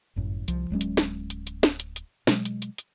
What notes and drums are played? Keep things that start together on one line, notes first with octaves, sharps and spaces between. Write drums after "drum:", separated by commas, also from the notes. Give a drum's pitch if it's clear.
G1 F#2 A2
C2 F3, drum: hi-hat
D1 F#3 G#3 C#4
drum: hi-hat
drum: snare
drum: hi-hat
drum: hi-hat
drum: snare
drum: hi-hat
drum: hi-hat
B2 F#3 G#3, drum: snare
drum: hi-hat
drum: hi-hat
drum: hi-hat